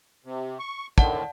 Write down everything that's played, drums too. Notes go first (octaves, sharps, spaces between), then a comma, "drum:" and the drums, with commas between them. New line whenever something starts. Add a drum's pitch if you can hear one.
C3
C#6
A2 D3 D#3 D5 F#5 A5, drum: kick